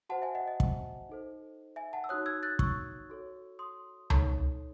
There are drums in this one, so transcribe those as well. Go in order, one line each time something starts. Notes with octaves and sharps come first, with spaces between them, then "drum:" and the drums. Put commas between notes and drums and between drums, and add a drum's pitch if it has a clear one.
F#4 C5 F#5 A5
E5 G#5
D#5 F#5
D#5
drum: kick
D#4 A4 C5
E5 G#5
F#5 A5
E6
D#4 F#4 C#5 D#6 F#6
E6 G#6
F#6 A6
C#6 E6, drum: kick
F#4 A4 C#5
C6 D#6
D#4 A4 C#5, drum: tom C#2